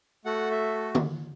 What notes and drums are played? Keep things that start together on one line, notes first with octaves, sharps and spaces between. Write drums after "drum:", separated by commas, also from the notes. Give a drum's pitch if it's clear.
A3 F#4 A4 F#5
E5
drum: tom D3